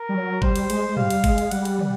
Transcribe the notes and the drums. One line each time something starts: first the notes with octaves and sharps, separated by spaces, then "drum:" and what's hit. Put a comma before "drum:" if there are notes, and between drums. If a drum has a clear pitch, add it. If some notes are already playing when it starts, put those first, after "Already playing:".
Already playing: A#4
G3
F#3
G3 C5, drum: kick
drum: cymbal
G#3, drum: cymbal
G#3
G3 F5, drum: tom
drum: cymbal
G#3, drum: kick, cymbal
drum: cymbal
G3 F#5, drum: cymbal
drum: cymbal
drum: tom